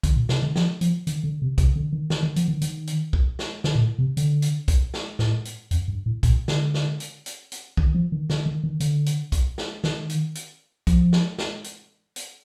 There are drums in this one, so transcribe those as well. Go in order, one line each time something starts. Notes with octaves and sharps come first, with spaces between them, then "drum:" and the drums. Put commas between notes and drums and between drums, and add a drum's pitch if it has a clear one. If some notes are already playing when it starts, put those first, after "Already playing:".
D3, drum: kick, hi-hat
A#2
C3, drum: snare
D3
F3, drum: snare
F3, drum: hi-hat
D#3, drum: hi-hat
D3
C3
C3, drum: kick, hi-hat
D3
D#3
D#3, drum: snare
D#3
F3, drum: hi-hat
D#3
D#3, drum: hi-hat
drum: hi-hat
drum: kick
drum: snare
D3, drum: snare
A#2
A2
C3
D3, drum: hi-hat
drum: hi-hat
drum: kick, hi-hat
drum: snare
A2, drum: snare
drum: hi-hat
F2, drum: hi-hat
G2
A2
A#2, drum: kick, hi-hat
D3, drum: snare
drum: snare
drum: hi-hat
drum: hi-hat
drum: hi-hat
D#3, drum: kick
F3
D#3
D3, drum: snare
D#3
D#3
D3, drum: hi-hat
drum: hi-hat
drum: kick, hi-hat
drum: snare
D#3, drum: snare
drum: hi-hat
drum: hi-hat
F3, drum: kick, hi-hat
drum: snare
drum: snare
drum: hi-hat
drum: hi-hat